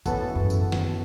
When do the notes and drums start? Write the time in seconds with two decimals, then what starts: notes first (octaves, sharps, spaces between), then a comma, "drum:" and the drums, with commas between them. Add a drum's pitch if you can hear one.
0.06 A2 C#3 E3 B3 F#4 A4, drum: kick, tambourine
0.35 F#2
0.50 drum: tambourine
0.72 drum: snare